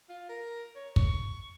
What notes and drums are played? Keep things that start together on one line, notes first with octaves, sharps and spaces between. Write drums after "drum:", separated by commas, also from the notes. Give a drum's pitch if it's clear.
F4
A#4
C#5
C#6, drum: kick